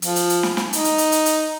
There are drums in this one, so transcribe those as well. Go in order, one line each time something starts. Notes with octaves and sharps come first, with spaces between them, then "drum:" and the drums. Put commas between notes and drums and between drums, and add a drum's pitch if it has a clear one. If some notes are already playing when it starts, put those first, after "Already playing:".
F3, drum: hi-hat
drum: hi-hat
drum: hi-hat
drum: snare
drum: snare
D#4, drum: hi-hat
drum: hi-hat
drum: hi-hat
drum: hi-hat
drum: hi-hat